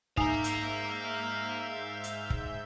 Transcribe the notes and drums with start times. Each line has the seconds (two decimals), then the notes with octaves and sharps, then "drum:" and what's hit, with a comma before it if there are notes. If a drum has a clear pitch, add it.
0.17 G#2 D#4 E5 F5 G#5 A#5 G6, drum: kick
0.44 drum: hi-hat
2.04 drum: hi-hat
2.30 drum: kick